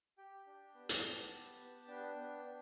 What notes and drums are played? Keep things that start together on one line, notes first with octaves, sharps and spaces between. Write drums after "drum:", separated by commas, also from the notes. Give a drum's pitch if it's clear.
G4 G5
D4
B3
drum: hi-hat
B3 A5
G4
B3
D4 G5
B3
D4